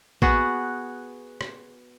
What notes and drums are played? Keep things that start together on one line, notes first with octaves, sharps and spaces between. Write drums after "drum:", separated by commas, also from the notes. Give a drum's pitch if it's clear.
B3 F#4 G#4, drum: kick
drum: rim click